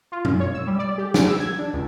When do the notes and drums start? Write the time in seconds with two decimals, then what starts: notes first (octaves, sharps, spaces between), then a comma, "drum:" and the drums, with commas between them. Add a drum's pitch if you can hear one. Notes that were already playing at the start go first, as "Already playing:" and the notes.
0.12 F4
0.25 F#2, drum: tom B2
0.40 C#5
0.54 E6
0.67 G3
0.79 D5
0.98 G4
1.14 D7, drum: snare
1.29 E6
1.40 G#6
1.59 D4
1.73 C#2